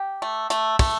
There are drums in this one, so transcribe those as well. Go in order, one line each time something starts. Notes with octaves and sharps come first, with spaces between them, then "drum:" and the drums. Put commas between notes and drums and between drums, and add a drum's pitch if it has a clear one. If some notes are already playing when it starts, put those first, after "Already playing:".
Already playing: G4
A3
A3, drum: hi-hat
A3, drum: kick, open hi-hat